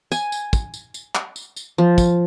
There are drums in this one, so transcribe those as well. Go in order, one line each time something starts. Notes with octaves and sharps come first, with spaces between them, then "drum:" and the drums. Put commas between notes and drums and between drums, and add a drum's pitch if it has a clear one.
G#5, drum: tambourine
drum: tambourine
drum: kick, tambourine
drum: tambourine
drum: tambourine
drum: clap
drum: tambourine
drum: tambourine
F3
drum: kick, tambourine